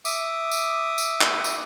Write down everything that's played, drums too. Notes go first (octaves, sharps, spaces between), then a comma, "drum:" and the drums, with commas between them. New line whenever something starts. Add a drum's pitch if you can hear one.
E5 D6 D#6, drum: tambourine
drum: tambourine
drum: tambourine
drum: clap
drum: tambourine